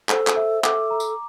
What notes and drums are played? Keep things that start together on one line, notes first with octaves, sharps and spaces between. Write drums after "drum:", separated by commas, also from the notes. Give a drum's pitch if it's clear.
A4 C5, drum: clap
drum: clap
E5
A4 D6, drum: clap
A#5
drum: tambourine